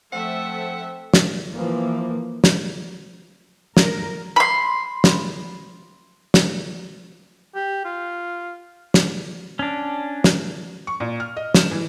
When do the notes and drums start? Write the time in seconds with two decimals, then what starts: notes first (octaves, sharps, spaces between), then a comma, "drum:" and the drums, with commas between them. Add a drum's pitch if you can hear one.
0.12 F3 A3 C4 A4 E5 F#5
1.14 drum: snare
1.52 E3 F3 A#3
2.44 drum: snare
3.77 A#4, drum: snare
4.36 B5 C6
5.04 drum: snare
6.34 drum: snare
7.55 G4
7.85 F4
8.94 drum: snare
9.59 C#4 D4
10.24 drum: snare
10.87 C#6
11.00 A#2
11.20 F6
11.37 D#5
11.55 E7, drum: snare
11.71 E3